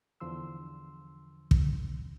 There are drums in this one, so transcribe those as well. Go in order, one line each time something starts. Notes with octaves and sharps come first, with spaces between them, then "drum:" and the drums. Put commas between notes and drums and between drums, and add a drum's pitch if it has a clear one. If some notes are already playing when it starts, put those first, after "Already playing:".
E2 D3 F3 C6 E6
drum: kick